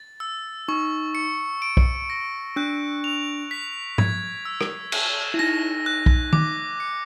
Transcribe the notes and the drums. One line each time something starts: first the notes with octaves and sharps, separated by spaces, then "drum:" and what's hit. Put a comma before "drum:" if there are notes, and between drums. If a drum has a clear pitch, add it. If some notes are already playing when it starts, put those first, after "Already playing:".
Already playing: A6
E6
D#4 C#6
C#7
D7
drum: kick
A#6
D4 F#6
F7
B6
G#6, drum: tom G#2
E6
drum: rim click
D#7, drum: cymbal
E4
D#4 A#6
F#6
drum: kick
D6, drum: tom D#3
C#7